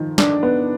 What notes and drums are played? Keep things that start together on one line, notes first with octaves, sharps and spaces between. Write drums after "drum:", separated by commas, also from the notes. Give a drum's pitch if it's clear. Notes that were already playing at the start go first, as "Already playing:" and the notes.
Already playing: D#3 F3
D4, drum: snare
B3